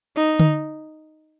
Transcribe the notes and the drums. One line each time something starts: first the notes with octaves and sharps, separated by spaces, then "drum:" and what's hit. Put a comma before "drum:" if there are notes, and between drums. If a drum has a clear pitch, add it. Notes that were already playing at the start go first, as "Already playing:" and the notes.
D#4
drum: tom D3